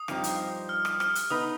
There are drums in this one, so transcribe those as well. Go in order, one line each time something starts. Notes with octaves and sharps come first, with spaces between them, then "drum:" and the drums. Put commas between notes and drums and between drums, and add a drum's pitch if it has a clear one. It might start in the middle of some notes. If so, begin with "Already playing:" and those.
Already playing: D#6
G2 F3 C4 D#4 G4, drum: rim click
drum: hi-hat
F6
drum: rim click
F6, drum: rim click
drum: hi-hat
B3 D#4 B4 D#6